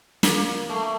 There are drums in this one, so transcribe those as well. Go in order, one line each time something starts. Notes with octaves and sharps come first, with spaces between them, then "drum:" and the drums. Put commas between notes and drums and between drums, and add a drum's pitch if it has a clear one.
A#3, drum: snare
A3